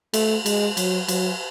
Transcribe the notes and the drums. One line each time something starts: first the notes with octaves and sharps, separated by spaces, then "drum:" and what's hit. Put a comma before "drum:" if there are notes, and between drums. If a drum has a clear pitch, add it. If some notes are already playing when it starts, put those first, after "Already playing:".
A3, drum: cymbal
G#3, drum: cymbal
F#3, drum: cymbal
F#3, drum: cymbal